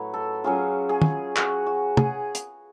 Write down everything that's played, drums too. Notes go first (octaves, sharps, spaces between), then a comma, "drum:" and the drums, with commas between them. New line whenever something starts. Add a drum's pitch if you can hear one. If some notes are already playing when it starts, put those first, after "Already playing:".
Already playing: A2 F#3 A3 B4 C#5
A4
F#3 C#4 F4 G#4
G#4
drum: tom
F#4, drum: clap
F#4
G#4, drum: tom
drum: hi-hat